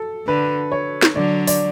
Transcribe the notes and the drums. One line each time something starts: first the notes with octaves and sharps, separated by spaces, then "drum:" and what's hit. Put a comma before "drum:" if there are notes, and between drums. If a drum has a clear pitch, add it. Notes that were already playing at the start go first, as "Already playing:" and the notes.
Already playing: A4
D3 B4
C#5
drum: snare
D3 F#3 D5
D5, drum: open hi-hat